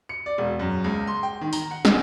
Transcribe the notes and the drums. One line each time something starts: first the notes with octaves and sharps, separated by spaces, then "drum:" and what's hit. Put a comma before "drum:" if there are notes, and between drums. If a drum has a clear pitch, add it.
C#7
D5
E1
F#2
C#2
C6
G5
D#3
A#5, drum: open hi-hat
F#5
G#4, drum: snare